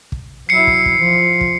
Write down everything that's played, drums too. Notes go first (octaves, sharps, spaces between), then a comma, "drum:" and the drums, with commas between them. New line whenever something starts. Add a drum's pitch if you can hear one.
drum: kick
F#3 E4 C7 C#7
drum: kick
drum: kick
F3
drum: kick